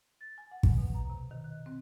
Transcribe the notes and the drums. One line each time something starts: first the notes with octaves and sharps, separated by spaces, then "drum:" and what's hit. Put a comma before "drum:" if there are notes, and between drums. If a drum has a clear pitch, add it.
A6
G#5
F#5
drum: kick
B2
A#5
C3
D#3
F#6
C4